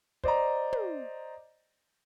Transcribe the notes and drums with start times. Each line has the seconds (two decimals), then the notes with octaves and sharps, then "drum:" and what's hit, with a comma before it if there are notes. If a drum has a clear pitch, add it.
0.24 C5 D5 D#5 A#5, drum: kick
0.73 drum: tom